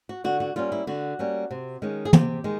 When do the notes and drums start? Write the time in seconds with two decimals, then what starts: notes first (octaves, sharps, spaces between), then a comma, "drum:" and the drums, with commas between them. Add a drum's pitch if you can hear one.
0.09 F#4
0.24 D3 F#4
0.40 F#4
0.56 G3 A#3 C#4 F4
0.72 E4
0.87 D3 F#4
1.19 G3 A#3 C#4
1.51 C3
1.82 D#3 G#3 C#4
2.05 G#4
2.13 C3 G4, drum: tom
2.44 D#3 G#3